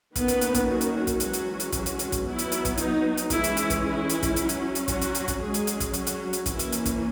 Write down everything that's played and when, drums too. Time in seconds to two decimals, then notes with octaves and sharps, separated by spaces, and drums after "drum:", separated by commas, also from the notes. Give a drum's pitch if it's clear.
0.16 D#3 A#3 B3 C#4 B4, drum: kick, hi-hat
0.28 drum: hi-hat
0.41 drum: hi-hat
0.55 drum: kick, hi-hat
0.67 F#3 F#4
0.81 drum: hi-hat
1.07 drum: kick, hi-hat
1.20 E3 F#3 G#3 C#4 F#4, drum: hi-hat
1.33 drum: hi-hat
1.60 drum: hi-hat
1.72 F#3 F#4, drum: kick, hi-hat
1.86 drum: hi-hat
1.99 drum: hi-hat
2.12 drum: kick, hi-hat
2.25 F#3 B3 E4
2.39 drum: hi-hat
2.52 drum: hi-hat
2.65 drum: kick, hi-hat
2.78 D#4, drum: hi-hat
3.17 drum: hi-hat
3.30 E3 G#3 C#4 E4, drum: kick, hi-hat
3.44 drum: hi-hat
3.57 drum: hi-hat
3.70 drum: kick, hi-hat
3.83 E4
4.10 drum: hi-hat
4.23 drum: kick, hi-hat
4.36 F#3 C#4, drum: hi-hat
4.49 drum: hi-hat
4.75 drum: hi-hat
4.88 F#3 F#4, drum: kick, hi-hat
5.02 drum: hi-hat
5.15 drum: hi-hat
5.28 drum: kick, hi-hat
5.40 F#3 G#3 C#4 G#4
5.54 drum: hi-hat
5.67 drum: hi-hat
5.80 drum: kick, hi-hat
5.94 F#3 F#4, drum: hi-hat
6.07 drum: hi-hat
6.33 drum: hi-hat
6.46 E3 A#3 C#4 E4, drum: kick, hi-hat
6.59 drum: hi-hat
6.72 drum: hi-hat
6.86 drum: kick, hi-hat